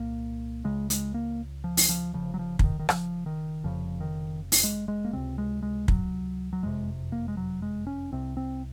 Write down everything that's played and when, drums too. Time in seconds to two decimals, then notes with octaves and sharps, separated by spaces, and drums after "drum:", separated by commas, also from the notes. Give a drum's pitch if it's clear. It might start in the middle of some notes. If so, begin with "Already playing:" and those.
Already playing: C2 A#2 A#3
0.64 C#2 C#3 G#3
0.90 G#3, drum: hi-hat
1.14 A#3
1.64 F3
1.77 drum: open hi-hat
1.89 F3
2.14 F1 F2 C#3 F3
2.34 F#3
2.39 F3
2.59 F3, drum: kick
2.64 D#3
2.79 D#3
2.89 F3, drum: rim click
3.26 D#3
3.64 F1 F2 C#3 F3
4.01 D#3
4.52 drum: open hi-hat
4.64 G#3
4.88 G#3
5.05 A#3
5.13 C#2 C3 C4
5.38 G#3
5.63 G#3
5.88 F#3, drum: kick
6.53 F#3
6.62 F#1 F2 C3 G#3
7.12 A#3
7.28 G#3
7.37 F#3
7.62 G#3
7.87 C#4
8.12 C2 C3 C4
8.37 C4